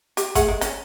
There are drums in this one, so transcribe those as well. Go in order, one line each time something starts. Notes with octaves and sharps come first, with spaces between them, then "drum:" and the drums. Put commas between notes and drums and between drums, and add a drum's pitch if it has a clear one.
G4, drum: hi-hat
A3 G#4 F#5, drum: kick, hi-hat
G#3
C#4, drum: hi-hat